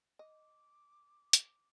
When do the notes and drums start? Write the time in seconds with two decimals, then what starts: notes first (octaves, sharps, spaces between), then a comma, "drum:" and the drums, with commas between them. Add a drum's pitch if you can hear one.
0.19 D#5 D6
1.33 drum: hi-hat